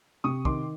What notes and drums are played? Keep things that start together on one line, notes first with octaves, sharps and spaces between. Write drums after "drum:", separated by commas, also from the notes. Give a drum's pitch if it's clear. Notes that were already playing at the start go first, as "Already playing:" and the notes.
C3 C#6 D#6
D#3 C6 D6, drum: kick